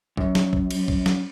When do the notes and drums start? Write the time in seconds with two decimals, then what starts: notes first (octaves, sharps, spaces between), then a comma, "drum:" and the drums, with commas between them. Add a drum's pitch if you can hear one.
0.17 F#2, drum: kick
0.35 drum: snare
0.53 drum: kick
0.71 drum: cymbal
0.88 drum: kick
1.06 drum: snare